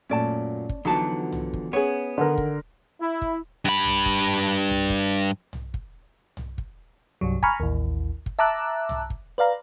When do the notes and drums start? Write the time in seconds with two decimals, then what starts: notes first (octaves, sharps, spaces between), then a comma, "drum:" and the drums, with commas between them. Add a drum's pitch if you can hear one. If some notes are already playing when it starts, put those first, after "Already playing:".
0.09 F#2 A#2 A3 C#4 D5 A5
0.69 drum: kick
0.85 E2 D3 F3 F#3 B3 D#4 F#4 A5
1.32 drum: tom
1.53 drum: kick
1.73 B3 C#4 G#4 C#5
2.18 D3 D#3 A#4
2.38 drum: kick
3.01 E4
3.22 drum: kick
3.65 G2 B5
3.85 drum: tom
4.06 drum: kick
4.69 drum: tom
4.90 drum: kick
5.53 drum: tom
5.74 drum: kick
6.37 drum: tom
6.58 drum: kick
7.21 C2 G2 F#3
7.43 G#5 A#5 B5 C#6 F6, drum: kick
7.60 A1 D#2
8.26 drum: kick
8.39 E5 A5 A#5 D6 E6 F#6
8.89 drum: tom
9.10 drum: kick
9.38 B4 D5 F5 A#5